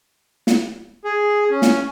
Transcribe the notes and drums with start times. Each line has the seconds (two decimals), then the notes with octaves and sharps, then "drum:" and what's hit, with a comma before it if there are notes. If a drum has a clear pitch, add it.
0.47 drum: snare
1.05 G#4
1.50 C#4
1.62 drum: snare